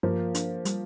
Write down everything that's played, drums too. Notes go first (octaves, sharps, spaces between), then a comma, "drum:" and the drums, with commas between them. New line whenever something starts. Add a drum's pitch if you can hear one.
G2 F3 A#3
D4, drum: hi-hat
G3, drum: hi-hat